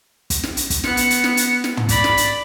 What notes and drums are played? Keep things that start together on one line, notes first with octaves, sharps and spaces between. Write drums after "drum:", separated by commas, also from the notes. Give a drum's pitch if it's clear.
drum: kick, hi-hat
drum: snare
drum: hi-hat
drum: kick, hi-hat
B3 C#7, drum: snare
drum: hi-hat
drum: hi-hat
drum: snare
drum: hi-hat
drum: snare
drum: tom
D5 B5, drum: kick, hi-hat
drum: snare
drum: hi-hat